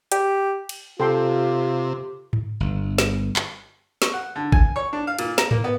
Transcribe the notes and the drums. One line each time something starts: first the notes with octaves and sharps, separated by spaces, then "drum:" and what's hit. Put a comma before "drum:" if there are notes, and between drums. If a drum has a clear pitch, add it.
G4, drum: hi-hat
drum: cymbal
C3 F4 G4 A4 G5 C6
drum: tom G#2
G1
drum: snare
drum: clap
C#6, drum: snare
F#5
D3
G#5, drum: kick G1
C#5
D4
F5
A#2, drum: cymbal
A#5, drum: snare
A#3, drum: tom G#2
B3